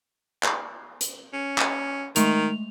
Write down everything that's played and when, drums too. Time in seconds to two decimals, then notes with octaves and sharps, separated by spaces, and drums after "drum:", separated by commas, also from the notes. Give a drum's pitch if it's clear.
0.43 drum: clap
1.01 drum: hi-hat
1.33 C#4
1.58 drum: clap
2.16 D#3 G#3 A3 F7, drum: hi-hat